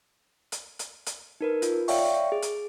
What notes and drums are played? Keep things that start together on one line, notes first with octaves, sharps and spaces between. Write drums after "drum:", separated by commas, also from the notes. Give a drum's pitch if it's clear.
drum: hi-hat
drum: hi-hat
drum: hi-hat
D#4 A#4 B4
F4, drum: hi-hat
C#5 D5 E5 F5 G5 C#6, drum: open hi-hat
G#4
drum: hi-hat